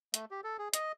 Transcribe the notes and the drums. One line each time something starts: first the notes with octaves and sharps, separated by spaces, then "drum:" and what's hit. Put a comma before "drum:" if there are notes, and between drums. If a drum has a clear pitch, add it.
A3, drum: hi-hat
G4
A4
G#4
D#5, drum: hi-hat